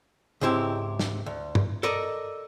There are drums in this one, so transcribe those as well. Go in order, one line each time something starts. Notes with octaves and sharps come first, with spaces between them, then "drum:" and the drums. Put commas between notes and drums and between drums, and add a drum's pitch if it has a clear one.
C#2 G#2 C4 E4 G4
drum: snare
D2
drum: tom
A4 A#4 D5 D#5